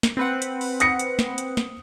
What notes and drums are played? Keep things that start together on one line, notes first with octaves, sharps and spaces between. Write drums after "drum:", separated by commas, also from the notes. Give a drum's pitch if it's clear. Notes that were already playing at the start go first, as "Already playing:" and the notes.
drum: snare
C4 B4 F#5
drum: hi-hat
drum: open hi-hat
D#6 A#6 C#7, drum: hi-hat
drum: hi-hat
drum: snare
drum: hi-hat
drum: snare